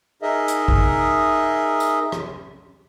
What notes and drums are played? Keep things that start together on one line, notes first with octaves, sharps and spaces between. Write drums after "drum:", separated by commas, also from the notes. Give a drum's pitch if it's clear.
D#4 G#4 A#4 D#5 E5
drum: hi-hat
drum: kick G#1
drum: tambourine
drum: rim click